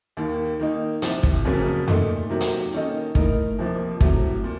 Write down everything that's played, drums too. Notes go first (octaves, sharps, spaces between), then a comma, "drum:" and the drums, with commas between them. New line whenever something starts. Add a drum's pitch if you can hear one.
D#2 D#3 A#3
D#3 A#3 D#4
C2 C3 F3, drum: hi-hat
drum: kick
F#1 F2 C#3 F#3 A#3
A#2 A3 D#4 A4, drum: tom F2
C3 D#3 F#3 A#3
drum: hi-hat
D#3 A#3 C#4 A4 D#5
A2 A3 D#4 A#4, drum: kick
F2 C3 F3 A#3
C2 C3 F#3 A3, drum: kick
A#2